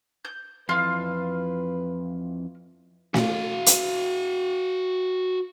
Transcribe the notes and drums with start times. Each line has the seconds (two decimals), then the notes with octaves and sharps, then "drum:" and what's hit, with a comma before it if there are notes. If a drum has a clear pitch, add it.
0.25 G6
0.69 F2 E3 F4 B4 F5
3.14 F#4 F5, drum: snare
3.66 drum: hi-hat